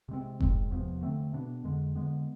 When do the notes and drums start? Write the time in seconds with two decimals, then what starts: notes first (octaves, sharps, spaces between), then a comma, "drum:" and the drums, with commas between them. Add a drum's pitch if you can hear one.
0.09 C3 G#3 C4
0.40 G#2 G#3 C4, drum: kick F1
0.71 E2 C3 F3 B3
1.02 D3 A3 C4
1.33 B2 B3 D4
1.64 F2 D3 G#3
1.95 D3 G#3 B3